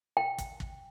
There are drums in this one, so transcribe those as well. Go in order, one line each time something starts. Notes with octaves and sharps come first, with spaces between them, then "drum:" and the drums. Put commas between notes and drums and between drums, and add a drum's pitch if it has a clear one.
G5
drum: kick, hi-hat
drum: kick